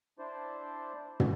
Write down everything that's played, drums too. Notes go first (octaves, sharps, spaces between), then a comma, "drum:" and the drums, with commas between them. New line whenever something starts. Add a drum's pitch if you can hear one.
D4 E4 C5 D5
drum: tom